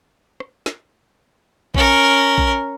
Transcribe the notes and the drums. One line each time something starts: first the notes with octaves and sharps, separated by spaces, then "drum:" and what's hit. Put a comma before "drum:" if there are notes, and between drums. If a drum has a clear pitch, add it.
drum: rim click
drum: snare
C#4 A#4, drum: kick A#1
drum: kick A#1